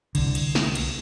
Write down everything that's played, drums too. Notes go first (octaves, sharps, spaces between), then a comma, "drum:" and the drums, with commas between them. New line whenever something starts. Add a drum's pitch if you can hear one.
C2 D3, drum: cymbal
drum: cymbal
drum: snare
drum: cymbal